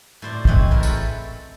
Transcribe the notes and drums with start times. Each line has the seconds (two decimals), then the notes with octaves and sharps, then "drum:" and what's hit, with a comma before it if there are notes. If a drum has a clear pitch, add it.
0.22 A2 C5 D5
0.45 E3 G#3 C4 B4 C#5, drum: kick
0.71 A2 A#4 C5
0.83 A4 B4, drum: tambourine